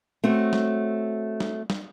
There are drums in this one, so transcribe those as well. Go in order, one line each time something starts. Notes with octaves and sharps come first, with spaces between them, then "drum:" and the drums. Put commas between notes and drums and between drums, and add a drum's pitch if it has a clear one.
A3 C4 F#4 C#5
drum: snare
drum: snare
drum: snare